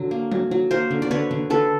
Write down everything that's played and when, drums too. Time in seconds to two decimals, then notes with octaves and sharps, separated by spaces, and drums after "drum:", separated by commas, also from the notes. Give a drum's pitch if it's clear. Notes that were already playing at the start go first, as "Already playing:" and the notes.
Already playing: D3 F#3
0.11 A#3
0.32 F#3, drum: tom F#3
0.51 F#3
0.71 A#3 A#4 C5
0.91 D3
1.02 D5
1.11 D3 B4 C#5
1.31 D3, drum: tom D3
1.50 D3 A4 B4